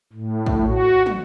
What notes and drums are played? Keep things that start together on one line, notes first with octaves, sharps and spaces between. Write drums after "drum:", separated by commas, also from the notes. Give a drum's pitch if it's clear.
A2
drum: kick
F#4
drum: tom